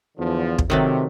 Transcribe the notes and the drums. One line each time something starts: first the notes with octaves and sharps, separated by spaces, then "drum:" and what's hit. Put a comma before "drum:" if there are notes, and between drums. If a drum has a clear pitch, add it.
E2 D3 F3
drum: kick
C3 D#3 F#3 A3